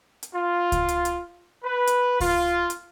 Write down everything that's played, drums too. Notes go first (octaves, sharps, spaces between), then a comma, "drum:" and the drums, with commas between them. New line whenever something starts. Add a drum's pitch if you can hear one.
drum: hi-hat
F4
drum: kick C#2, hi-hat
drum: hi-hat
drum: hi-hat
B4
drum: hi-hat
F4, drum: kick C#2, open hi-hat
drum: hi-hat